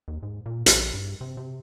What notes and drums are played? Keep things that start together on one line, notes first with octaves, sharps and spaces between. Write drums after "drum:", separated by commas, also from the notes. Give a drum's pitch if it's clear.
D#2
G#2
A#2
A#1, drum: hi-hat
G2
C3
C3